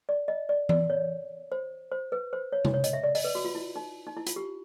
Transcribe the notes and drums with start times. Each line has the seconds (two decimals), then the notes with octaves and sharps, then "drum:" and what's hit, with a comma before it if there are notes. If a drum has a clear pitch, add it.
0.09 D5
0.28 D#5
0.49 D5
0.69 D5, drum: tom E3
0.90 C#5
1.52 C5
1.92 C5
2.12 B4
2.33 C5
2.52 C#5
2.65 drum: tom C3
2.74 C#5
2.84 D#5, drum: hi-hat
2.93 E5
3.03 D5
3.15 D#5, drum: open hi-hat
3.24 B4
3.35 F#4
3.45 F4
3.55 E4
3.76 D#4
4.07 D#4
4.17 E4
4.27 F4, drum: hi-hat
4.36 G4